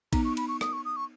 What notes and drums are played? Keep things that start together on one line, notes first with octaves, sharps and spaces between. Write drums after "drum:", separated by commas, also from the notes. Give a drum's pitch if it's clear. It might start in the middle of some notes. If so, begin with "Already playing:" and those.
B3 D#4 A#5, drum: kick A#1, cymbal
C#6
B5, drum: cymbal
C#6
D#6, drum: rim click
C#6
D#6
C#6